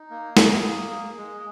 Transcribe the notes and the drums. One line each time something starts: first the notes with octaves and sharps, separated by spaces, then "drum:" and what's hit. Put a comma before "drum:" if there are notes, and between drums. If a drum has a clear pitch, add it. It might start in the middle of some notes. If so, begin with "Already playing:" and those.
Already playing: D#4
A#3
G#4, drum: snare
A#3
G#4
G#3